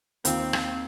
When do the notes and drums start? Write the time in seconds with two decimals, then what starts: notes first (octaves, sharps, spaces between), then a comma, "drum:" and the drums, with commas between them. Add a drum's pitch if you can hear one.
0.25 D#2 D#3 A#3 C4 F4, drum: hi-hat
0.53 drum: rim click